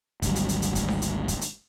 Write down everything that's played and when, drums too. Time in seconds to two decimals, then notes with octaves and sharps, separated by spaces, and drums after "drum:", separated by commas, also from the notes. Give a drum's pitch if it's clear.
0.22 G#1 D2 F#3 G3, drum: kick, hi-hat
0.36 drum: hi-hat
0.49 drum: hi-hat
0.62 drum: hi-hat
0.75 drum: kick, hi-hat
0.88 drum: snare D4
1.02 drum: hi-hat
1.28 drum: kick, hi-hat
1.41 drum: hi-hat